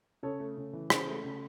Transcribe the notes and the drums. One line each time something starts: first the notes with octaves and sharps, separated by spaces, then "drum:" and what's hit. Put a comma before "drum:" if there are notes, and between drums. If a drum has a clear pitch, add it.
C#3 A4 C#5
A3
C#3
E3
C#3 G#4 C5, drum: rim click
A3
C#3